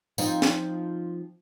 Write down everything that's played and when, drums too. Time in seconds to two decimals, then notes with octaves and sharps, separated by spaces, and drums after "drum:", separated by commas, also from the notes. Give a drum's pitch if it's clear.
0.18 F3 C4 D#4, drum: tambourine
0.42 drum: snare